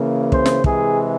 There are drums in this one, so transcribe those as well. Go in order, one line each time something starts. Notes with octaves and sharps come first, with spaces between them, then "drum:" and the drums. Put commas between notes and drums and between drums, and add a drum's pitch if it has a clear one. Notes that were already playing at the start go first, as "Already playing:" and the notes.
Already playing: C#3 E3 A#3
C5, drum: kick
drum: snare
C3 E3 G#3 G#4, drum: kick